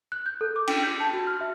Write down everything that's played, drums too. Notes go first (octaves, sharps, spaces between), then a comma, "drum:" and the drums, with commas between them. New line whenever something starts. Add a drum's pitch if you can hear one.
F#6
G6
A4
D6
G5, drum: cymbal
G6
A5
F#4
F6
E5